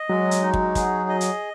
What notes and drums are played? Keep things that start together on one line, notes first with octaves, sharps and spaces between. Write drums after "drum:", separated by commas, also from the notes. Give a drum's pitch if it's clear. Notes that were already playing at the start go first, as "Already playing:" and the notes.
Already playing: D#5
F#3 G#3
drum: hi-hat
D#4
drum: kick
G#4, drum: kick, hi-hat
D#5
drum: hi-hat